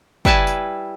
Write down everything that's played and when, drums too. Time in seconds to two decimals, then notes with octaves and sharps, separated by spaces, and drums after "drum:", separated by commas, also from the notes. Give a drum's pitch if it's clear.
0.25 G3 E4 B4 G#5 A5, drum: kick
0.47 drum: tambourine